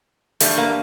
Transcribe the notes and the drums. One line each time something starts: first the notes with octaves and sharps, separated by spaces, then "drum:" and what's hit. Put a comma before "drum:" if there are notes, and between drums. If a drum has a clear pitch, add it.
G2 E3 G3 A3, drum: open hi-hat
A#3